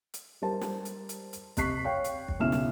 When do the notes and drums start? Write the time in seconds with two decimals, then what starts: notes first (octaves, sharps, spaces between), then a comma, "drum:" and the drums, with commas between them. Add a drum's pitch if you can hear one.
0.14 drum: hi-hat
0.42 G3 A#4 C5 A5
0.61 drum: snare
0.85 drum: hi-hat
1.09 drum: hi-hat
1.33 drum: hi-hat
1.57 C3 D#5 C#6 F#6 B6 C7, drum: kick, hi-hat
1.85 C#5 F5 G5 C#6
2.04 drum: hi-hat
2.28 drum: kick
2.39 B1 C#3 E4 E5 F6 E7
2.52 drum: snare